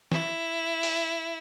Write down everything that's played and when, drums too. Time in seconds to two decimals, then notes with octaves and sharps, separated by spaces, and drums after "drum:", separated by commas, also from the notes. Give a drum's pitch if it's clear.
0.12 E4, drum: snare
0.83 drum: open hi-hat